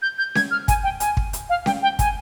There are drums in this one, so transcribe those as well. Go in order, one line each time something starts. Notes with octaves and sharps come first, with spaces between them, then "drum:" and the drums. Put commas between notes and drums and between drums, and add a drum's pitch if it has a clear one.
G6
G6
G#6, drum: snare C#4
F6
G#5, drum: kick, hi-hat
G5
G#5, drum: hi-hat
drum: kick
drum: hi-hat
F5
G5, drum: snare C#4
G5
G#5, drum: kick, hi-hat